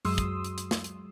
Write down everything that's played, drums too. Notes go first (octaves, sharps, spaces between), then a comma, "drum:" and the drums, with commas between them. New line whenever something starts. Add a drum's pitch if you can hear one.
F#2 F#3 G#3 C6 D#6 E6, drum: open hi-hat
drum: kick, hi-hat
drum: hi-hat
drum: hi-hat
drum: snare
drum: hi-hat